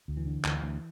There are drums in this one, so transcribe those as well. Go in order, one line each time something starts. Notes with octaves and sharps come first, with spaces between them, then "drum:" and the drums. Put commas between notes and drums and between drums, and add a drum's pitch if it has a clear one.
D2
E3
D3
D2 E3, drum: clap
D2